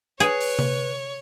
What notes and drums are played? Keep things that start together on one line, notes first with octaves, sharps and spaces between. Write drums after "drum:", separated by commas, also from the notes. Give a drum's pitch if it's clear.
G#4 B4 C#5, drum: hi-hat
drum: open hi-hat
drum: tom C3